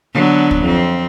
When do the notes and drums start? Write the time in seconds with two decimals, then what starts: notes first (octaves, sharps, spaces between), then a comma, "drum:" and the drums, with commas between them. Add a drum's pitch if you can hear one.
0.14 D3 F#3 B3
0.51 drum: kick
0.62 F2 C4